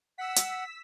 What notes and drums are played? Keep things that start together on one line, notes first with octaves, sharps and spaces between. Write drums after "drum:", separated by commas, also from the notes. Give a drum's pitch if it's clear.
F#5 E6 B6
drum: hi-hat